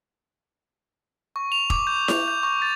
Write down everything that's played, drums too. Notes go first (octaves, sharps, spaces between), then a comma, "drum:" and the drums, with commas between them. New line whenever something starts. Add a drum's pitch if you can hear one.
C#6
F7
D6, drum: kick
G6
F7, drum: snare E4
G6
C#6
A6